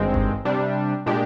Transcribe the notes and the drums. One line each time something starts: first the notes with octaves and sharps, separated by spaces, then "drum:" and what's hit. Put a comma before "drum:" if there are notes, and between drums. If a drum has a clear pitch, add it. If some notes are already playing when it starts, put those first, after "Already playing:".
Already playing: G#1 G2 D#3 G#3 C4
drum: kick F#1
C3 G3 D4
A#2 G#3 D4 G4